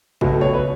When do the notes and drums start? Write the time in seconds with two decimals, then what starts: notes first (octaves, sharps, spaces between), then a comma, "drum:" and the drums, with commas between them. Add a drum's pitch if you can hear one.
0.21 C#2 B2 F#3 A3, drum: kick
0.41 C#5
0.53 B4